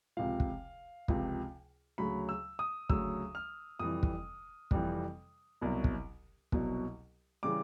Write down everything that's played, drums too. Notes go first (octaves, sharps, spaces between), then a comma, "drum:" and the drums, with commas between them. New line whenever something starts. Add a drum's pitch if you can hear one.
C#2 C3 F3 F5
drum: kick
C#2 C3 F3, drum: kick
D2 C#3 F#3 B5
E6
D#6
D2 C#3 F#3 E6, drum: kick
F6
F2 C3 E3 G3 D#6
drum: kick
F2 C3 E3 G3, drum: kick
C2 B2 F#3
drum: kick
C2 B2 F#3, drum: kick
C#3 E3 G3 D6